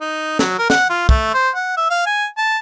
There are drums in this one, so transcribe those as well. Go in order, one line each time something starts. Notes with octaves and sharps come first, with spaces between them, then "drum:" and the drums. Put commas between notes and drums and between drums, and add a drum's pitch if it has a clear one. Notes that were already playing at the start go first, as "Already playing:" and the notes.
D#4
F#3, drum: snare
A#4
F#5, drum: snare
F4
A3, drum: kick
C5
F#5
E5
F5
G#5
A5